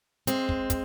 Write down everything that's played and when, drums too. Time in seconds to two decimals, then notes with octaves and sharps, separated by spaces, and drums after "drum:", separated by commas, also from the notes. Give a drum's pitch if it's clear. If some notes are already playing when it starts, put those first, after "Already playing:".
0.27 G#3 C4, drum: hi-hat
0.49 drum: kick
0.70 drum: kick, hi-hat